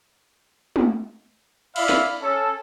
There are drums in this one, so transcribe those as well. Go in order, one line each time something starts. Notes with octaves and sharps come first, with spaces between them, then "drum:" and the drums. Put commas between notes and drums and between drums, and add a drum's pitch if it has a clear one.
drum: tom
E4 D5 E5 F5 B5, drum: cymbal
drum: snare
C#4 A4